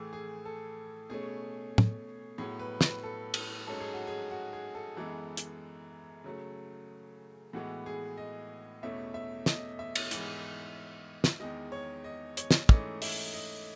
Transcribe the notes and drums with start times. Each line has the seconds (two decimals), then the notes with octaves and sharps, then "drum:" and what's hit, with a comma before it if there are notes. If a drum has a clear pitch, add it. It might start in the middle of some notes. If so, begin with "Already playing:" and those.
Already playing: A2 E3 A3 G#4
0.13 G#4
0.45 A4
1.09 B2 A3 C#4 G#4
1.78 drum: tom
2.38 A2 F#3 B3 G#4
2.59 B4
2.81 B4, drum: snare
3.03 A4
3.34 drum: cymbal
3.67 G#2 F#3 C#4 A4
3.80 G#4
3.94 F#4
4.07 G#4
4.31 F#4
4.53 G#4
4.75 A4
4.96 F#2 E3 G#3 B3
5.37 drum: hi-hat
6.24 C#3 F#3 A3
7.53 A2 E3 G#3 B3 F#4
7.86 G#4
8.17 D#5
8.83 E2 B2 A3 C#4 E5
9.14 E5
9.46 D#5, drum: snare
9.79 E5
9.95 drum: cymbal
10.11 G#2 E3 B3, drum: hi-hat
11.24 drum: snare
11.40 E2 D#3 G#3 D#5
11.72 C#5
12.04 D#5
12.37 C#5, drum: hi-hat
12.51 drum: snare
12.69 G#2 E3 A3 C#4 D#5, drum: kick
13.02 E5, drum: open hi-hat
13.34 D#5